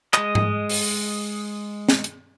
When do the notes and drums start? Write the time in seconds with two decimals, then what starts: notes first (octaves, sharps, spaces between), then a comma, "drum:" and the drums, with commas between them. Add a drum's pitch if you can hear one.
0.14 G#3 D#5, drum: clap
0.35 drum: tom G#2
0.69 drum: open hi-hat
1.89 drum: snare
2.04 drum: hi-hat